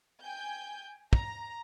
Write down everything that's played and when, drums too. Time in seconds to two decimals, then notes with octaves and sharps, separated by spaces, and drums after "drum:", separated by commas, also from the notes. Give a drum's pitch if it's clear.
0.23 G5 G#5 G6
1.13 A#5, drum: kick